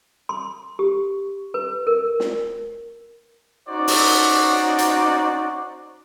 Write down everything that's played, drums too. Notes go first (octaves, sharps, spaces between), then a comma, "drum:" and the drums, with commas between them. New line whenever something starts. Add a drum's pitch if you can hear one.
C6
G4
B4
A#4
drum: snare
C#4 D#4 F#4 C5 D5
drum: open hi-hat
drum: hi-hat